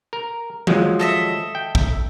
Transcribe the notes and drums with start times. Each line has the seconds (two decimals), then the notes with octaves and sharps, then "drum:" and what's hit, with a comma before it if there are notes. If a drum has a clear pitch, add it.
0.13 A#4
0.67 F3 F#3 G#3, drum: tom D#3
0.99 A4 D#5 E5
1.55 G5
1.75 drum: kick